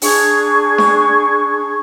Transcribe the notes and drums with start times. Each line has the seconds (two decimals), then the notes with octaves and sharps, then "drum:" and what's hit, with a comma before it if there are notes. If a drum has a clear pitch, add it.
0.02 D4 G#4 C#6, drum: open hi-hat
0.78 drum: snare D4